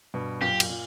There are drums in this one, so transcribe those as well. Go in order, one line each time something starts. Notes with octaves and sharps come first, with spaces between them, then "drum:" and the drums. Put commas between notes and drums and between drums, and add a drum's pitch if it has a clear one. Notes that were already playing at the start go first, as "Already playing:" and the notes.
G2 B2
F#2 A#2 G4
drum: cymbal
A#2